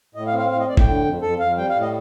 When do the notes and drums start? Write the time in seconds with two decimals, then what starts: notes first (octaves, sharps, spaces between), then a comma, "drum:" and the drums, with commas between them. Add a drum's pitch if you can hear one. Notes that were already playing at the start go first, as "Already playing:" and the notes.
0.15 A2 D#5
0.27 F5
0.33 C4
0.38 F5
0.51 A2 F5
0.60 D#5
0.68 A2 D5
0.77 G5, drum: kick F1
0.86 D3
1.04 F2
1.22 F2 A4
1.39 F2 F5
1.57 G3 G5
1.69 F5
1.75 A2
1.81 D#5